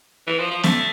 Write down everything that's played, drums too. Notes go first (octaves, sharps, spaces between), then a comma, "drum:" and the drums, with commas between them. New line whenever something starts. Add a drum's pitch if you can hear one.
E3
F3
F3
A3, drum: snare B3